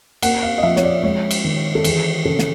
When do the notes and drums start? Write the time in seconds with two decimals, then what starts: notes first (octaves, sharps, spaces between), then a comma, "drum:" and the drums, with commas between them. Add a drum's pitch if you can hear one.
0.22 A#3 F#5, drum: cymbal
0.43 F5
0.58 D#5
0.63 F3 E5
0.76 C#5, drum: snare
0.83 D5
1.03 G#3 C#5
1.31 drum: cymbal
1.44 D#3
1.75 A4
1.84 E3 G#4, drum: cymbal
2.25 C#3 A4
2.39 drum: snare